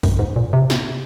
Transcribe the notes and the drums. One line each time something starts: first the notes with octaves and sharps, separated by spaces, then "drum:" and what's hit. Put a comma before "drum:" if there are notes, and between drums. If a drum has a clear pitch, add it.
F#2, drum: kick, open hi-hat
G#2
A#2
C3
drum: snare